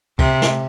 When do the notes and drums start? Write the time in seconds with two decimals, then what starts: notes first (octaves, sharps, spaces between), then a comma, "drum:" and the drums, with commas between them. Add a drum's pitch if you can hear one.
0.19 C3, drum: kick, cymbal
0.42 drum: snare